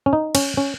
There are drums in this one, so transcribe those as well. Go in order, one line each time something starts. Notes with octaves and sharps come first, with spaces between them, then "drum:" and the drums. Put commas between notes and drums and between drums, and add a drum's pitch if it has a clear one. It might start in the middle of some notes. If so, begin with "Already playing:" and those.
C#4
D#4
C#4, drum: cymbal
C#4